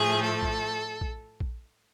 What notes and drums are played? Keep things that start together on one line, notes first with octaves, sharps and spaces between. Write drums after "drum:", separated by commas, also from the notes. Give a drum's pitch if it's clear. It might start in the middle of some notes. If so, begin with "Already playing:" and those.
Already playing: A2 F3 A3 G#4
A4
drum: kick A#1
drum: kick A#1
drum: kick A#1